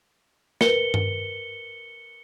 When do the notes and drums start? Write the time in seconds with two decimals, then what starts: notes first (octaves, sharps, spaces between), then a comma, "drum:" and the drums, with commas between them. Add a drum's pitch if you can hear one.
0.61 A#4 B4 C#7 G7, drum: snare
0.94 drum: tom G2